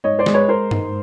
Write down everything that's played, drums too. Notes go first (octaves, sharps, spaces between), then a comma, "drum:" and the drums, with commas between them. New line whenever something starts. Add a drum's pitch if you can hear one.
G#2 C#5 D#5
C5 D5
G#3, drum: snare
B4 C#5
G#3 A#4 C5
G#2, drum: tom G2